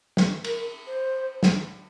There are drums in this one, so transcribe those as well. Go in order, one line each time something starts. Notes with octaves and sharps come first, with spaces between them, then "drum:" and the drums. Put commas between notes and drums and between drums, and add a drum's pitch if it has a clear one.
drum: snare
A#4, drum: cymbal
C5
drum: snare